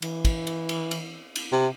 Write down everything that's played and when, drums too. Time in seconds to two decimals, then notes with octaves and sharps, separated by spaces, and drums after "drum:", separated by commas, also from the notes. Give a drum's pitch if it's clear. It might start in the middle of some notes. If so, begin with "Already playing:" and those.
0.02 E3, drum: cymbal
0.25 drum: kick, cymbal
0.47 drum: cymbal
0.69 drum: cymbal
0.91 drum: cymbal
1.36 drum: cymbal
1.52 C3